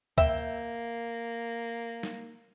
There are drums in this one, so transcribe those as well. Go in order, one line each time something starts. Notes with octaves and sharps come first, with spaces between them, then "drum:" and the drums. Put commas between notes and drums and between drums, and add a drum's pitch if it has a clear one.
A#3 E5 G5, drum: kick
drum: snare